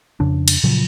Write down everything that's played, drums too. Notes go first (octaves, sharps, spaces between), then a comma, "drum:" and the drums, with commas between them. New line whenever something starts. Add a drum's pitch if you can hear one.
F2 C#3 D4
drum: cymbal
A#2 C#3 F3 F#3